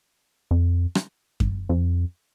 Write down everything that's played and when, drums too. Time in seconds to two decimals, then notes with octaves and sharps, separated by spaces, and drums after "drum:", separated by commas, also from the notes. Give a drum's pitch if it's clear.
0.51 F2
0.95 drum: rim click
1.40 drum: kick F#2
1.69 F2